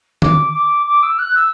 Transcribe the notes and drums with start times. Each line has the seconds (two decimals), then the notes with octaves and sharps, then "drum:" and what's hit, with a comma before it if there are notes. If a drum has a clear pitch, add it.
0.22 D6, drum: tom D#3
0.53 D6
0.86 D6
1.02 E6
1.18 F#6
1.35 E6